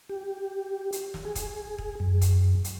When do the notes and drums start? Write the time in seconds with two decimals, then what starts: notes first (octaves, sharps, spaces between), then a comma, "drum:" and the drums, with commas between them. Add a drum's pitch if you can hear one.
0.09 G4
0.92 drum: hi-hat
1.14 drum: snare
1.25 G#4
1.35 drum: kick, hi-hat
1.78 drum: kick
2.00 F#2
2.21 drum: kick, hi-hat
2.64 drum: hi-hat